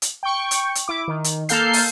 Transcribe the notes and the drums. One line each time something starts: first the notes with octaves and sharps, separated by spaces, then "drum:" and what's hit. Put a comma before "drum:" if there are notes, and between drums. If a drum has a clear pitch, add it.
drum: hi-hat
G5 C#6
drum: hi-hat
drum: hi-hat
E4 D6
D#3
drum: hi-hat
A#3 A4 F5 G6 C7, drum: hi-hat
drum: open hi-hat